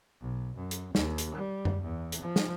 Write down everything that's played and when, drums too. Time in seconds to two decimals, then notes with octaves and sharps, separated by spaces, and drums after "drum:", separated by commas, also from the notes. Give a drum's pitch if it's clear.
0.21 B1
0.56 F#2
0.71 drum: hi-hat
0.95 D#2, drum: snare
1.18 drum: hi-hat
1.35 G3
1.65 drum: tom F#2
1.83 E2
2.12 drum: hi-hat
2.22 F3
2.36 drum: snare